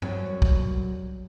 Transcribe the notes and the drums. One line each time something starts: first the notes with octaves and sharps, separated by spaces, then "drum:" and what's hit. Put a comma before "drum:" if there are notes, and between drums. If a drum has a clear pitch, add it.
F#2 F#3 G3, drum: tom G2
drum: kick